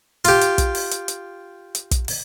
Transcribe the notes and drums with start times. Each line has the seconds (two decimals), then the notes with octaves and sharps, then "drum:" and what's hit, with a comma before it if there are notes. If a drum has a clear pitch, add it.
0.25 F4 G4, drum: hi-hat
0.41 drum: hi-hat
0.58 drum: kick, hi-hat
0.75 drum: open hi-hat
0.91 drum: hi-hat
1.08 drum: hi-hat
1.75 drum: hi-hat
1.91 drum: kick, hi-hat
2.08 drum: open hi-hat